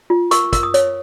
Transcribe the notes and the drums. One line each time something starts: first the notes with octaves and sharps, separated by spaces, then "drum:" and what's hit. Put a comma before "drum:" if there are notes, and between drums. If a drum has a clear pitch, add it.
F4
A#4 C#6, drum: hi-hat
A#4, drum: kick, hi-hat
D#6
C#5, drum: hi-hat